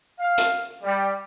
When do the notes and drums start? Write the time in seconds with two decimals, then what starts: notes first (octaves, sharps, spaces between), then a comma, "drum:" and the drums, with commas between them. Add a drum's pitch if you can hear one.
0.19 F5
0.38 drum: hi-hat
0.83 G3